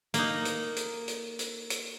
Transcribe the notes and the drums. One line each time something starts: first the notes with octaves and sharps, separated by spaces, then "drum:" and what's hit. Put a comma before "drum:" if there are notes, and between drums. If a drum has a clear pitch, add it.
A#3 D#4, drum: hi-hat
drum: hi-hat
drum: hi-hat
drum: hi-hat
drum: hi-hat
drum: hi-hat